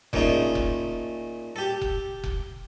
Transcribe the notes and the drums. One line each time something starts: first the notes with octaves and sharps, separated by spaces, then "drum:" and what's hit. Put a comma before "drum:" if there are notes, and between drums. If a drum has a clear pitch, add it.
A#2 A3 C#4 D#4 G#4, drum: kick F1
drum: kick F1
G4 A4
drum: kick F1
drum: kick F1